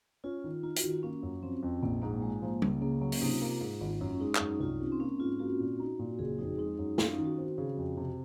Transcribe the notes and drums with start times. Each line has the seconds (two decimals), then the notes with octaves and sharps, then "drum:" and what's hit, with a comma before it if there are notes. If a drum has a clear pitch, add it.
0.24 C#4 F4
0.44 D#3
0.63 D#4 F4
0.76 F#4, drum: hi-hat
0.83 D#3
0.89 F4
1.03 A#3 C#4
1.23 F#2
1.42 F3 C4
1.63 F2
1.83 A#1 A#3
2.02 G#2 A#3
2.22 A#2 G#3
2.42 F3
2.62 C#2 A#3, drum: tom G3
2.82 C#3 A#3
3.01 F#3 A#3
3.12 C#4, drum: open hi-hat
3.22 C3 D#4
3.31 F4
3.42 A#3
3.61 G#2
3.81 G#1
4.01 F#2
4.11 C#4
4.21 G#3 D#4
4.35 C#4, drum: clap
4.40 F#2 D#4
4.60 C2 F4
4.80 C3
4.92 C4
5.00 A#3 C#4
5.20 G#2 F4
5.39 A#3 F#4
5.60 A#2
5.80 D#4
5.99 A#2
6.19 F#1 G#4
6.39 F2 D#4
6.58 G#3 D#4
6.79 F#2
6.98 C#4 F4, drum: snare
7.11 D#4
7.18 D#3
7.25 F#4
7.38 C4
7.58 C#3
7.77 F2
7.97 C3